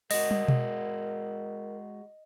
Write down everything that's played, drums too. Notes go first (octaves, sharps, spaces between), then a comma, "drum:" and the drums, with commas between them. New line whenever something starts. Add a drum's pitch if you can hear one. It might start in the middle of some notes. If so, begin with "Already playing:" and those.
G#3 F#4 A#4 D#5, drum: open hi-hat
drum: tom
drum: tom B2